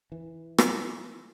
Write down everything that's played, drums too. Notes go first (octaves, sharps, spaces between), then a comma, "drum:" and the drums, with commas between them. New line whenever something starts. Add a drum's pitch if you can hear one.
E3
drum: rim click